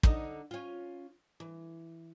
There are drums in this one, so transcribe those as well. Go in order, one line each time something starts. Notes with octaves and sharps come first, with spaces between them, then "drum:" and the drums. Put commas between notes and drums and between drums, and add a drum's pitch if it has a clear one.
D3 D#4 D#5, drum: kick
C#4 F4
E3